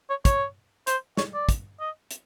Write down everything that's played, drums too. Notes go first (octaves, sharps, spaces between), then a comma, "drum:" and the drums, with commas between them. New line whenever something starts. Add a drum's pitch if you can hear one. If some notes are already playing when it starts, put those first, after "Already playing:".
C#5
C#5, drum: kick, hi-hat
C5, drum: hi-hat
C#5, drum: snare
D5
drum: kick, hi-hat
D#5
drum: hi-hat